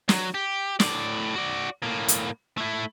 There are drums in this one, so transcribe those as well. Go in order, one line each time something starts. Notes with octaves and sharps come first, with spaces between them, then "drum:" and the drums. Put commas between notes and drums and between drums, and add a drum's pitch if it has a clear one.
F#3, drum: snare
G4
A2 D5, drum: snare
F#4 D5
A2 A#3
drum: hi-hat
A3 E4